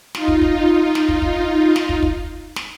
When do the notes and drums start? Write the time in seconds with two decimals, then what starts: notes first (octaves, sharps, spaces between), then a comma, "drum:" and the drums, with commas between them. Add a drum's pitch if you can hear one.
0.15 D#4 F4, drum: snare
0.28 drum: kick
0.41 drum: kick
0.95 drum: snare
1.09 drum: kick
1.22 drum: kick
1.76 drum: snare
1.89 drum: kick
2.03 drum: kick
2.56 drum: snare